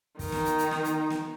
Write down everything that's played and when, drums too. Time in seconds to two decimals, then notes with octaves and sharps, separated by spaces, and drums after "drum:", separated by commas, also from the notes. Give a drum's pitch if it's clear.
0.19 D#3 D#4, drum: kick, open hi-hat
0.32 drum: snare
0.45 drum: hi-hat
0.58 drum: hi-hat
0.71 drum: snare
0.84 drum: hi-hat
1.10 drum: snare